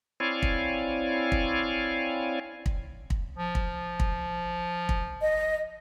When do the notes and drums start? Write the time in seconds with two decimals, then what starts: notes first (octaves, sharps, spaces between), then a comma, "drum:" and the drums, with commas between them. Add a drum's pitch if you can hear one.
0.20 C4 E4 C#5 D5 F5 G#5
0.42 drum: kick
1.32 drum: kick
2.66 drum: kick
3.10 drum: kick
3.37 F3
3.55 drum: kick
4.00 drum: kick
4.89 drum: kick
5.21 D#5